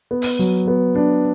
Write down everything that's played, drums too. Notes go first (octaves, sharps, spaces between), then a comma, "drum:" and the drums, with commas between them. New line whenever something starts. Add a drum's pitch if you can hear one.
B3
drum: open hi-hat
F#3
B3
D4